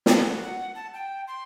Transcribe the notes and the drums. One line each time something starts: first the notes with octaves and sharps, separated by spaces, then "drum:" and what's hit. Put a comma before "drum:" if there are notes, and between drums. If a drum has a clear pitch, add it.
drum: snare
F#4
F#5
A5
G5
C6